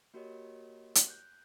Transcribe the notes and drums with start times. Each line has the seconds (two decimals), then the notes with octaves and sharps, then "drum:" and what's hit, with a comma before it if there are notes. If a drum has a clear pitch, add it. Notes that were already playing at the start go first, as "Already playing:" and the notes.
0.14 A#3 F#4 G4 A#4 C#5 D#5
0.95 drum: hi-hat
1.08 F#6 G6